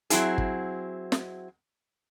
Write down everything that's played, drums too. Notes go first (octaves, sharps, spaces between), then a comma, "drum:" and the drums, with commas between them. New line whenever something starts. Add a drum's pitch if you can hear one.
F#3 C4 E4 G#4, drum: hi-hat
drum: kick
drum: snare